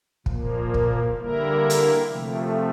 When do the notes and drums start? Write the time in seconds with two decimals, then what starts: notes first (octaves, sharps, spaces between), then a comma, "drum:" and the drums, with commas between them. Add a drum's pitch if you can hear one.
0.26 A#2 F3 A#3, drum: kick
0.74 drum: kick
1.18 D3 G3 A#3 E4 A#4
1.70 drum: hi-hat
2.09 C3 F3 A3